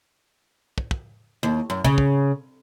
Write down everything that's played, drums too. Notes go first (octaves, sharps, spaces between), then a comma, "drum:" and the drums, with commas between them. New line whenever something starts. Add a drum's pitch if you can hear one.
drum: kick
drum: kick
D#2
F#2
C#3, drum: kick
drum: kick